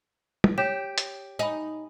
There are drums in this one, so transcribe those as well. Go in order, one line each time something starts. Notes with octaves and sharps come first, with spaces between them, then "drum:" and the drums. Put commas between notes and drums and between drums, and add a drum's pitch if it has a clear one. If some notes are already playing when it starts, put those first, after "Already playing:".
drum: tom
G4 C#5 E7
drum: hi-hat
D#4 G#5 B5